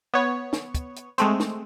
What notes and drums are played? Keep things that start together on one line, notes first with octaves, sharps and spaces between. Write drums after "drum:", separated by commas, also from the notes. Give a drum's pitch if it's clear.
B3 C#5
drum: snare
drum: kick, hi-hat
drum: hi-hat
G#3 A3 C4, drum: hi-hat
drum: snare